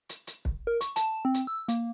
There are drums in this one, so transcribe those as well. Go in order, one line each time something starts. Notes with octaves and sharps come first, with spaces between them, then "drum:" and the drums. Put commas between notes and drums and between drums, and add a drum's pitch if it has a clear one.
drum: hi-hat
drum: hi-hat
drum: kick
A#4
C#6, drum: hi-hat
A5, drum: hi-hat
C4
drum: hi-hat
E6
A#3, drum: hi-hat